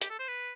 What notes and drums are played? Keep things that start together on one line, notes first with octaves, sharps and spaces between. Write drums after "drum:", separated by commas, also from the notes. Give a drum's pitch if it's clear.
G4, drum: hi-hat
A4
C5
B4